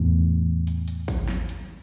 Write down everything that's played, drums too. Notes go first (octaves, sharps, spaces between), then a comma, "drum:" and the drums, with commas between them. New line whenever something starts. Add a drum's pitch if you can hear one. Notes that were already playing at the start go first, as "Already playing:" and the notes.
Already playing: E2 A2
drum: hi-hat
drum: hi-hat
drum: kick, open hi-hat
drum: snare
drum: hi-hat